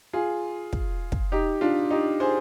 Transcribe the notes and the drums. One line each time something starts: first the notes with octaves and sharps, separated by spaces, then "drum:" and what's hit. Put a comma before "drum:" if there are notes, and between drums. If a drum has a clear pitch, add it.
F4 G#4
drum: kick
drum: kick
D#4 G4
D4 F4
D#4 G4
G#4 C5